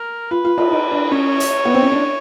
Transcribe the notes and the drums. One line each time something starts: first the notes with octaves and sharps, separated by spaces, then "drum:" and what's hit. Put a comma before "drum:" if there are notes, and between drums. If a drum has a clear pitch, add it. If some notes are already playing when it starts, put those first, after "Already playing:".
Already playing: A#4
F4 B4
F4
F4, drum: cymbal
D#4
D4
C#4 C#5
drum: hi-hat
B3
C4
C#4
D4